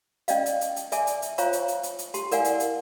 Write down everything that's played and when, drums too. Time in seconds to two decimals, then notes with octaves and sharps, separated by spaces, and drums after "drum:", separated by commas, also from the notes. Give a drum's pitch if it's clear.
0.28 C#4 D5 D#5 F5, drum: hi-hat
0.46 drum: hi-hat
0.61 drum: hi-hat
0.76 drum: hi-hat
0.92 D5 E5 G#5 A5 D6, drum: hi-hat
1.07 drum: hi-hat
1.22 drum: hi-hat
1.38 F4 C5 C#5 F5 A#5 C#6, drum: hi-hat
1.53 drum: hi-hat
1.68 drum: hi-hat
1.83 drum: hi-hat
1.99 drum: hi-hat
2.14 G4 A5 C6, drum: hi-hat
2.31 E4 A#4 D5 F5 F#5 G#5, drum: hi-hat
2.45 drum: hi-hat
2.60 drum: hi-hat